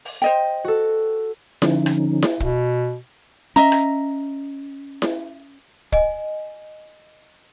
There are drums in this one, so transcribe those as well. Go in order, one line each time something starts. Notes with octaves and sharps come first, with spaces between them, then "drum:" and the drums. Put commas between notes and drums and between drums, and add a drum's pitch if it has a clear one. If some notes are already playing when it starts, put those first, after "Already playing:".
drum: open hi-hat
C5 D#5 G5
F#4 A4
D3 F3 C#4 D#4, drum: snare E4
drum: rim click
drum: snare E4
B2, drum: kick
C#4 D#5 E5 A#5
drum: rim click
drum: snare E4
D#5 G#5, drum: kick